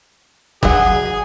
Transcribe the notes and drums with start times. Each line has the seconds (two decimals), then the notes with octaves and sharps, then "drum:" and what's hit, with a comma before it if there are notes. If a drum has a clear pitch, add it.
0.63 F#3 G#4 F#5, drum: kick